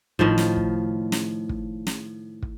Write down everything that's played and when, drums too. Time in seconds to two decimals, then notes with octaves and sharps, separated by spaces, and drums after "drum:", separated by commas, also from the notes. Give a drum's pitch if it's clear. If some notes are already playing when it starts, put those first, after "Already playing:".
0.19 A2 D#3 F3, drum: kick
0.38 drum: snare
0.56 drum: kick
1.12 drum: snare
1.49 drum: kick
1.87 drum: snare
2.42 drum: kick